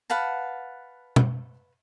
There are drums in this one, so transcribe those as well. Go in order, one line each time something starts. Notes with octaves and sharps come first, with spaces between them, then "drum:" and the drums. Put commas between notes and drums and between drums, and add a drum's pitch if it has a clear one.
B4 F5 F#5 A5
drum: tom